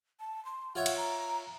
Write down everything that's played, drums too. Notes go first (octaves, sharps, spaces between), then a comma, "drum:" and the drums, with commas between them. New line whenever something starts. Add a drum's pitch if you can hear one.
A5
C6
F4 C#5 E5 F#5
drum: cymbal
A#5